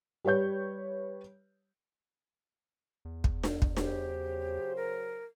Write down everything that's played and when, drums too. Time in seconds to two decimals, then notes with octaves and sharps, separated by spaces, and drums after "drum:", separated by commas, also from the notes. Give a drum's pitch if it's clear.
0.25 G3 G4 B4 C#5 G6
3.05 E2
3.24 drum: kick
3.44 drum: snare D4
3.62 drum: kick
3.77 C#3 F#3 G4 C5, drum: snare D4
4.76 A#4